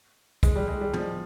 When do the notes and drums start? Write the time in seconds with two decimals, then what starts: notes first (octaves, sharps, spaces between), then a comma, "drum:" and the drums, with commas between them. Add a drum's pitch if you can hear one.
0.43 G#3, drum: kick, hi-hat
0.56 G3
0.68 G#3
0.81 G3
0.93 F3, drum: tom